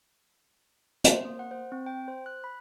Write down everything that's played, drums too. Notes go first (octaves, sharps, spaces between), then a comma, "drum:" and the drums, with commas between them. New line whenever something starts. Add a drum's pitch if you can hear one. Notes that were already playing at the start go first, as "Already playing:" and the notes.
C5, drum: hi-hat
A#3
F#5
C5
C4
G5
C5
F#6
B5